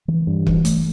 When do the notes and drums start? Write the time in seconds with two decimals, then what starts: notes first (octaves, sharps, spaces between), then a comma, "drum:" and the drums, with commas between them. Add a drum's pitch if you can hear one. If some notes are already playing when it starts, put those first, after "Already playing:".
0.08 E3
0.27 G2
0.47 E3, drum: kick
0.65 A3, drum: hi-hat